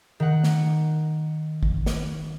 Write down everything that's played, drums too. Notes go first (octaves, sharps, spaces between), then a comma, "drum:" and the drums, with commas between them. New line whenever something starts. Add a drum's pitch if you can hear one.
D#3 F#5
drum: snare
drum: kick
drum: snare